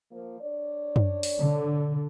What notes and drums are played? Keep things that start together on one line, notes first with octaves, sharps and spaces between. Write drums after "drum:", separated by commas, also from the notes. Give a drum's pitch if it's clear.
F3 A#3
D4 C#5 D5
drum: tom F#2
drum: open hi-hat
D3